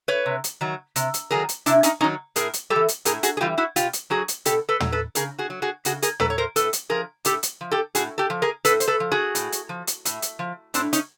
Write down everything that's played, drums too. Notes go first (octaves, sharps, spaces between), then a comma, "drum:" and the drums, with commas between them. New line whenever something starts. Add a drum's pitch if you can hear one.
B4 C#5
C3
drum: hi-hat
D#3 F#3
C3, drum: hi-hat
drum: hi-hat
D#3 F#3 G#4 A#4
drum: hi-hat
C3 D4 E4, drum: hi-hat
C#4 D#4, drum: hi-hat
D#3 F#3 C#4 D#4
A2 G#4 A#4, drum: hi-hat
drum: hi-hat
G3 G4 A4
E3
drum: hi-hat
A2 G#4 A#4, drum: hi-hat
F#4 G#4, drum: hi-hat
G#4
E3 G3 F4 G4
E4 F#4
B2 F4 G4, drum: hi-hat
drum: hi-hat
F#3 F#4 G#4
drum: hi-hat
B2 G4 A4, drum: hi-hat
A4 B4
F#3, drum: tom
A4 B4
C#3 G#4 A#4, drum: hi-hat
F#4 G#4
F#3
F#4 G#4
C#3 F#4 G#4, drum: hi-hat
G#4 A#4, drum: hi-hat
F#3 A4 B4, drum: tom
C#5
A#4 C5
A2 A4 B4, drum: hi-hat
drum: hi-hat
F3 G#4 A#4
A2 G4 A4, drum: hi-hat
drum: hi-hat
F3
G4 A4
A2 F#4 G#4, drum: hi-hat
G4 A4
F3
G#4 A#4
A2 A4 B4, drum: hi-hat
C5, drum: hi-hat
A4 B4
F3
F#4 G#4
A2, drum: hi-hat
drum: hi-hat
F3
drum: hi-hat
A2, drum: hi-hat
drum: hi-hat
F3
A2 C4 D4, drum: hi-hat
C#4 D#4, drum: hi-hat